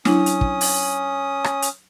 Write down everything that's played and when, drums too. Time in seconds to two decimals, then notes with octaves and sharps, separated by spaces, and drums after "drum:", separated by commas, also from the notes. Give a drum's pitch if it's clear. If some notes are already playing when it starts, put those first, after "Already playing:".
0.05 F#3 C#4 D4 E4 D#6, drum: snare
0.26 drum: hi-hat
0.41 drum: kick
0.61 drum: open hi-hat
1.44 drum: rim click
1.62 drum: hi-hat